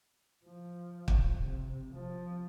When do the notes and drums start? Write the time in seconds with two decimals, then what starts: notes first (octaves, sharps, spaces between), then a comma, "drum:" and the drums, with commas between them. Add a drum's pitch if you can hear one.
0.46 F3
1.08 drum: kick
1.41 C3
1.92 F3